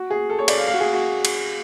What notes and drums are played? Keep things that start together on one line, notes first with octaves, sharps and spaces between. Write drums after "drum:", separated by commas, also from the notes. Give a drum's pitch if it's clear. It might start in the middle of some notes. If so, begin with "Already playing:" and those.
Already playing: F#4
G#4
A4
C#5
D5, drum: cymbal
F5
F5
F#4
G#4
F#4
drum: cymbal